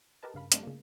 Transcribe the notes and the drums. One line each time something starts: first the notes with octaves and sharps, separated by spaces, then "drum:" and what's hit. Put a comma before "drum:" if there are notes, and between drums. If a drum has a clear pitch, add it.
G4 A#4 B4 D#5 A5
G2 C#3 F5 B5
G3 A3 C4 D4 F4 D#5, drum: hi-hat
C#3 A#3